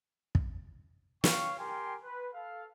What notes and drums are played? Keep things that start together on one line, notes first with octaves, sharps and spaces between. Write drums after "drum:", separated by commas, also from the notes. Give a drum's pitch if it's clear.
drum: kick
C#5 F5 G5 C#6, drum: snare
G4 A#4 G5 G#5 C6
B4
A4 F5